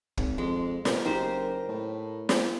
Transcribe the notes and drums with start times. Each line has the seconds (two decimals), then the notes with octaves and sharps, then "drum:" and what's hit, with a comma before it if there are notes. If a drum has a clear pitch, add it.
0.17 G#1, drum: kick
0.38 F2 G#3
0.85 B2 A#4, drum: snare
1.05 F#1 D#4 G4 C5
1.69 A2
2.29 drum: snare